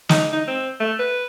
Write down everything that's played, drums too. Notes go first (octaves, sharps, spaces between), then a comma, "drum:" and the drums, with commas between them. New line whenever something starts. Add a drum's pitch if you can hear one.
D#4, drum: snare
D#4
C4
A3
B4